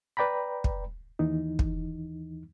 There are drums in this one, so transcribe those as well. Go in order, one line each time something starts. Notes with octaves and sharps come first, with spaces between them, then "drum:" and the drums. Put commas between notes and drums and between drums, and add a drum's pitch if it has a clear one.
B4 D5 G5 A#5 B5
drum: kick
D#2 E3 D#4
drum: kick